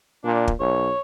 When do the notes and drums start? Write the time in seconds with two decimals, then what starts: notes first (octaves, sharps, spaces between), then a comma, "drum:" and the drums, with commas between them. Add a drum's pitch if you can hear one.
0.24 A#2 D4
0.48 drum: kick
0.60 B1 C#5